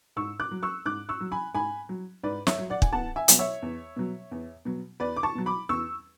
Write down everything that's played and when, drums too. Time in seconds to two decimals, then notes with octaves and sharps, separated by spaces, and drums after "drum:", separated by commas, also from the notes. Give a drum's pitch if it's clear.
0.16 G#2 C#6 E6
0.40 D6 F#6
0.51 F#3
0.63 C#6 E6
0.86 G#2 D6 F#6
1.09 C#6 E6
1.21 F#3
1.32 G#5 B5
1.55 G#2 G#5 B5
1.89 F#3
2.23 G#2 B4 D5
2.47 C#5 E5, drum: snare
2.58 F#3
2.70 D5 F#5
2.82 G#5, drum: kick
2.93 E2 F#5 A5
3.16 E5 G#5
3.28 B2 F#3, drum: hi-hat
3.39 C#5 E5
3.62 E2
3.96 B2 F#3
4.31 E2
4.65 B2 F#3
5.00 E2 B4 D5
5.16 D6
5.23 A5 C#6
5.35 B2 F#3
5.46 B5 D6
5.69 E2 C#6 E6